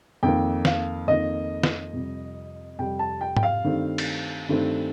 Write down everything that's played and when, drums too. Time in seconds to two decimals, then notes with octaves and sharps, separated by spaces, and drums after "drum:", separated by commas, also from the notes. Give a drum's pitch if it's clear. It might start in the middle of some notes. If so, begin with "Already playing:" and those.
0.23 F2 D#3 A#3 G5
0.65 F5, drum: snare
1.08 F2 D#3 A#3 D#5
1.63 drum: snare
1.93 F2 C3 G3
2.79 F2 C3 G3 G5
2.99 A5
3.21 G5
3.37 G5, drum: tom G#2
3.43 F5
3.64 G2 D#3 A3 C4
3.98 drum: cymbal
4.48 G2 D#3 A3 C4